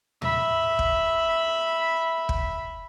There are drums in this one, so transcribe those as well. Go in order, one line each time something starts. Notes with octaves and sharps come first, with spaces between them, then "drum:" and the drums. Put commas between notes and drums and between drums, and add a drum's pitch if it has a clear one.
E5 B5, drum: tom
drum: kick
drum: kick